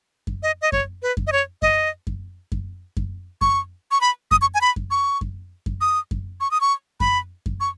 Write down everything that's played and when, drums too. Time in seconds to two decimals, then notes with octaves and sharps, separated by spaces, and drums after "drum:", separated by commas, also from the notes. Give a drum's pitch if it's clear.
0.27 drum: kick F#2
0.43 D#5
0.62 D#5
0.72 C#5, drum: kick F#2
1.02 B4
1.17 drum: kick F#2
1.27 D#5
1.32 C#5
1.62 D#5, drum: kick F#2
2.07 drum: kick F#2
2.52 drum: kick F#2
2.97 drum: kick F#2
3.41 C#6, drum: kick F#2
3.91 C#6
4.01 B5
4.31 D#6, drum: kick F#2
4.41 C#6
4.54 G#5
4.61 B5
4.76 drum: kick F#2
4.91 C#6
5.21 drum: kick F#2
5.66 drum: kick F#2
5.81 D#6
6.11 drum: kick F#2
6.41 C#6
6.51 D#6
6.61 C#6
7.00 B5, drum: kick F#2
7.46 drum: kick F#2
7.60 C#6